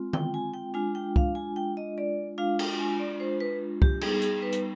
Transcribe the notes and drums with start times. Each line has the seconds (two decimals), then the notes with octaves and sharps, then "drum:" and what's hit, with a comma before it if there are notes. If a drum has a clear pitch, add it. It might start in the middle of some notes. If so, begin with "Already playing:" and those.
Already playing: G#3 C4 F4
0.13 G5, drum: tom D#3
0.34 G#5
0.54 G5
0.74 G#3 D4 F4 G#5
0.95 G5
1.16 F5, drum: kick C2
1.35 G#5
1.56 G5
1.77 D#5
1.98 D5
2.38 G#3 D4 F4 F5
2.59 G5, drum: cymbal
2.78 G#5
3.00 D5
3.20 C5
3.40 B4
3.82 G4, drum: kick C2
4.01 G3 B3 D#4 G#4, drum: cymbal
4.22 G#4, drum: hi-hat
4.42 B4
4.52 drum: hi-hat